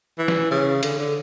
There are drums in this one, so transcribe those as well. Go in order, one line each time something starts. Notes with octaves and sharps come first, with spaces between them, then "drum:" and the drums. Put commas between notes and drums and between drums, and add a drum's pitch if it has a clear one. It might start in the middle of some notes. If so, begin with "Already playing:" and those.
E3
drum: snare
C#3
D3, drum: hi-hat
D3